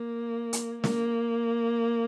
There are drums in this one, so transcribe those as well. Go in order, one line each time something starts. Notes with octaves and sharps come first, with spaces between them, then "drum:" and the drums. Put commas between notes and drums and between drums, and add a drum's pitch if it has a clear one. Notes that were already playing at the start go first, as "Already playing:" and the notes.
Already playing: A#3
drum: hi-hat
A#3, drum: snare